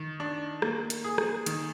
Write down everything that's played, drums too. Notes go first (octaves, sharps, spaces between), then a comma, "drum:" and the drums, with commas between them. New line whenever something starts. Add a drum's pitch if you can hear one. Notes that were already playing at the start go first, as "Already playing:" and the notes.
Already playing: D#3
D4
A#3, drum: rim click
drum: hi-hat
G#4
drum: rim click
D#3, drum: hi-hat